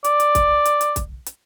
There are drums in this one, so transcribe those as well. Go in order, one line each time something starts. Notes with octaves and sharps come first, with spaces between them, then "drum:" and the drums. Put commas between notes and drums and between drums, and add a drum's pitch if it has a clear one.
D5, drum: hi-hat
drum: hi-hat
drum: kick, hi-hat
drum: hi-hat
drum: hi-hat
drum: kick, hi-hat
drum: hi-hat